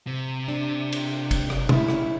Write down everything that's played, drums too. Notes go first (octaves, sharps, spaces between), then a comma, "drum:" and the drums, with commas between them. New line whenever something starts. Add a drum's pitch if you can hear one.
C3
D4
drum: cymbal
drum: kick, cymbal
drum: rim click
C#4 E4, drum: tom B2
drum: rim click